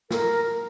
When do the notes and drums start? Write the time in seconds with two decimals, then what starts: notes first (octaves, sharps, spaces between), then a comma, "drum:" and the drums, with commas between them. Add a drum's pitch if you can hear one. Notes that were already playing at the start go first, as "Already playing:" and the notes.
0.11 A#4, drum: snare